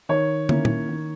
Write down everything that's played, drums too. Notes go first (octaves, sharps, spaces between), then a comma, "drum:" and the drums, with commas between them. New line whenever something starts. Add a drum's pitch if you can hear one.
D#3 C#5
A#3 C#4 E4, drum: tom
drum: tom A#2
D#3